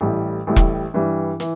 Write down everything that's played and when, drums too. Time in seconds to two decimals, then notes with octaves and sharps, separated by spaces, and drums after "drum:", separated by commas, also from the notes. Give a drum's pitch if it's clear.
0.01 A1 A2 G3
0.47 A1 A2 G3
0.56 drum: kick E1
0.94 G2 E3 G3
1.40 E3, drum: hi-hat